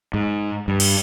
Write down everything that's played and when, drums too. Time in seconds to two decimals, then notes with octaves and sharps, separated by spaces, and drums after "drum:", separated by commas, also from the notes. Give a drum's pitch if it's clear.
0.14 G#2
0.68 G2
0.80 drum: cymbal